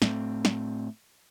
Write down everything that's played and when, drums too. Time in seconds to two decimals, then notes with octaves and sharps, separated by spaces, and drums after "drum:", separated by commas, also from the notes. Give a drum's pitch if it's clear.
0.02 A2 A3 C4, drum: snare
0.45 drum: snare